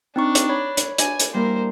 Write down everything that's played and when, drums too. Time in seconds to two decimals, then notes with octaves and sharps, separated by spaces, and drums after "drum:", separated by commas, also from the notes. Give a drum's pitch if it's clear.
0.16 C4 D4 D#4 C#6
0.35 drum: hi-hat
0.49 C#5 B5
0.77 drum: hi-hat
0.98 D4 G#5, drum: hi-hat
1.20 drum: hi-hat
1.34 G3 A#3 E4 A#4 C5